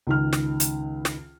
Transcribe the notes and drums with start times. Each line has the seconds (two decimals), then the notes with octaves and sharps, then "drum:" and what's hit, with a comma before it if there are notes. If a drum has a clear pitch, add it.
0.07 C#2 D#3 F6
0.33 drum: snare
0.60 drum: hi-hat
1.05 drum: snare